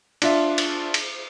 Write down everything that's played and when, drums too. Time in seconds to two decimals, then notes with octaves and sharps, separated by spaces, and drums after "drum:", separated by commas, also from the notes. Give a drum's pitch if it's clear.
0.22 D4 F4 E5, drum: cymbal
0.58 drum: cymbal
0.94 drum: cymbal